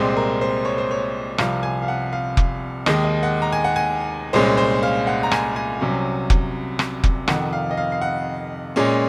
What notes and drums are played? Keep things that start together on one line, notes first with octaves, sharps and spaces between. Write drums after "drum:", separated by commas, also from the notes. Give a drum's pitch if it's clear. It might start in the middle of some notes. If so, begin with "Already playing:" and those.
Already playing: C2 A#2 G#3 C4 C5
A#4
C5
C#5
C5
C#5
C2 C3 F3 F5, drum: rim click
G#5
F5
F#5
F5
drum: kick F1
D#2 D#3 G#3 D#5, drum: rim click
D#5
F#5
A#5
G#5
F#5
G#5
C2 A#2 G#3 C#4 C5
C5
F5
F#5
A#5
G#5, drum: rim click
G#5
C2 C3 F#3 C#4
drum: kick F1
drum: rim click
drum: kick F1
F2 C3 D#3 F#5, drum: rim click
F5
D#5
F5
F5
F#5
A#2 G#3 C#4